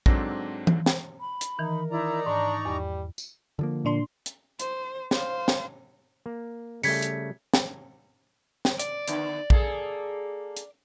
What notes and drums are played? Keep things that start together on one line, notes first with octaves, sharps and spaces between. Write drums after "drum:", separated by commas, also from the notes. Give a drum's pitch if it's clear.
G#2 F#3 C4 D4 A4 A#6, drum: kick A#1
drum: tom E3
drum: snare
B5
drum: hi-hat
D#3 E3 D#4 A#4
D#4 E4 D5 A#5
G#2 D4 C#6
E2 G3
drum: tambourine
D3 F3 A#3
A#2 D4 C6
drum: hi-hat
C5, drum: hi-hat
C5 F5, drum: snare
drum: snare
A#3
C#3 G3 A3 G#6 B6 C#7, drum: open hi-hat
drum: hi-hat
drum: snare
drum: snare
D5, drum: hi-hat
D3 B3, drum: hi-hat
A#3 G#4 A4, drum: kick A#1
drum: hi-hat